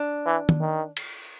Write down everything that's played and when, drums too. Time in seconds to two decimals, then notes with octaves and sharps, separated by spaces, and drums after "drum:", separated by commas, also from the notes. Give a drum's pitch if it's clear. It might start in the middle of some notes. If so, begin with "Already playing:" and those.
Already playing: D4
0.26 E3
0.49 drum: tom D#3
0.61 D#3
0.97 drum: cymbal